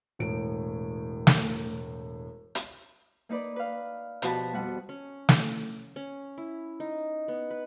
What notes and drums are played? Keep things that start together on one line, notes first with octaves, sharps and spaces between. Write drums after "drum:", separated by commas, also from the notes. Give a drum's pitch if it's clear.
E1 A2 D7
drum: snare
drum: hi-hat
A#3 D#4 B4 D5
B4 F5
B2 F3 F#4 G4 A5 B5, drum: hi-hat
F2 G3 B3 F#5
C#4
drum: snare
C#4
E4
D#4
B3
B4